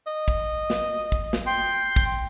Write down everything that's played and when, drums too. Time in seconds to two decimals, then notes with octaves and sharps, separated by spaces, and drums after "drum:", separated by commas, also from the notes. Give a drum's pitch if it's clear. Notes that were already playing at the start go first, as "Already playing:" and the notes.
0.07 D#5
0.28 drum: kick
0.70 drum: snare
1.12 drum: kick
1.33 drum: snare
1.46 G5 C6
1.96 drum: kick